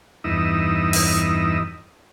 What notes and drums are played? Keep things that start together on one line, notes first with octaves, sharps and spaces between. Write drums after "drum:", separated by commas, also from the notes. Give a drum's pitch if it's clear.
E2 G2 D#4 E4 D#5 E6
drum: open hi-hat